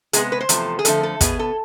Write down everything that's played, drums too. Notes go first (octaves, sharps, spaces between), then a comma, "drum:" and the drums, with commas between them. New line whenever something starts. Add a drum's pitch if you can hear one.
C3 G#3 B3 G#4, drum: hi-hat
B4
C5
E2 C3 F3 A3, drum: hi-hat
G#4
F2 D3 F3 A3 A4, drum: hi-hat
A4
B2 B3 G#4, drum: kick, hi-hat
A4